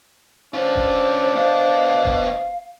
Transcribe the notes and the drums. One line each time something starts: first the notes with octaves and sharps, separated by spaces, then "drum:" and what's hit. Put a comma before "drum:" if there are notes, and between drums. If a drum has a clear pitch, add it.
C#4 D4 F4 C5
drum: kick F1
B3 D#5 F5
drum: kick F1